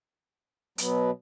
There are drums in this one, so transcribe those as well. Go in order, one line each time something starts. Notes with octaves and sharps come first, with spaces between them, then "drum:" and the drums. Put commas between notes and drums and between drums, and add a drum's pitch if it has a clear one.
B2 F#3 B3, drum: hi-hat